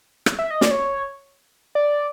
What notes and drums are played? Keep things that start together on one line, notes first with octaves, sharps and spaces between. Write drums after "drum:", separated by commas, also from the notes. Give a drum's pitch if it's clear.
drum: rim click
E5
D#5
D5, drum: snare
C#5
D5